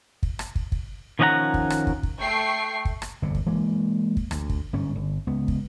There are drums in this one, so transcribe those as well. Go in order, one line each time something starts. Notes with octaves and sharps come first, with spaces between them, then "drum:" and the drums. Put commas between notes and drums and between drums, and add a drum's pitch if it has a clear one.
drum: kick
drum: rim click
drum: kick
drum: kick
D#3 F3 C#4 D#5 F#5 A#5
drum: kick
drum: rim click
drum: kick
drum: kick
A3 G5 C#6 C7
drum: kick
drum: rim click
G1 F2 C3
drum: kick
E3 G#3 A#3
drum: kick
D2, drum: rim click
drum: kick
G1 G#2 C#4
G1
C#2 B3
drum: kick